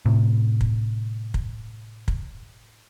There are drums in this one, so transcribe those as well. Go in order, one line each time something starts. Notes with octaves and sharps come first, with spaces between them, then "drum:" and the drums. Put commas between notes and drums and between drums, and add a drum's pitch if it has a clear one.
A2 C3
drum: kick
drum: kick
drum: kick